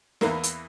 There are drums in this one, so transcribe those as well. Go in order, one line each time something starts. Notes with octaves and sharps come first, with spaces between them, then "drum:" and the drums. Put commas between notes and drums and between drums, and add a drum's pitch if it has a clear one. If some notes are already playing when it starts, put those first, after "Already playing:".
E2 E3 A#3 E4 A#4, drum: snare
drum: hi-hat